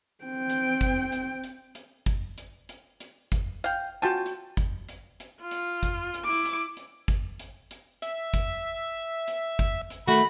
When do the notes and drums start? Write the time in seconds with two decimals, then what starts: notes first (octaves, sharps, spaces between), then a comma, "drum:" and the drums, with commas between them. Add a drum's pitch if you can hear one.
0.24 C4 G5
0.50 drum: hi-hat
0.81 drum: kick G1, hi-hat
1.12 drum: hi-hat
1.44 drum: hi-hat
1.75 drum: hi-hat
2.06 drum: kick G1, hi-hat
2.38 drum: hi-hat
2.69 drum: hi-hat
3.00 drum: hi-hat
3.32 drum: kick G1, hi-hat
3.64 F5 G5, drum: hi-hat
4.02 C#4 F4 F#4 G5 A5
4.26 drum: hi-hat
4.57 drum: kick G1, hi-hat
4.89 drum: hi-hat
5.20 drum: hi-hat
5.41 F4
5.51 drum: hi-hat
5.83 drum: kick G1, hi-hat
6.14 drum: hi-hat
6.25 E4 D6
6.45 drum: hi-hat
6.77 drum: hi-hat
7.08 drum: kick G1, hi-hat
7.40 drum: hi-hat
7.71 drum: hi-hat
8.02 E5, drum: hi-hat
8.34 drum: kick G1, hi-hat
9.28 drum: hi-hat
9.59 drum: kick G1, hi-hat
9.90 drum: hi-hat
10.07 D#3 A3 F#4 B5